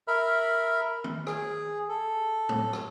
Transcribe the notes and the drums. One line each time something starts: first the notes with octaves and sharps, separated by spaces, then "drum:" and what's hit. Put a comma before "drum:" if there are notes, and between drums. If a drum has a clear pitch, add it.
A#4 E5 B5 F6
drum: tom
G#4, drum: rim click
A4
drum: tom
drum: rim click